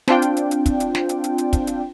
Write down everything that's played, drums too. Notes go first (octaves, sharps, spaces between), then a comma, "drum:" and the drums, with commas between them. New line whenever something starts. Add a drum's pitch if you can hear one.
C4 D4 F4 G5, drum: snare
drum: hi-hat
drum: hi-hat
drum: hi-hat
drum: kick, hi-hat
drum: hi-hat
drum: snare
drum: hi-hat
drum: hi-hat
drum: hi-hat
drum: kick, hi-hat
drum: hi-hat